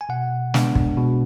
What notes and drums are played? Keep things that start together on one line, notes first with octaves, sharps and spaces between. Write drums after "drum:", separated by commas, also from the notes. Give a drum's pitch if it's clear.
G#5
B2 F#5
G#3 B3 D4, drum: snare
drum: kick
B2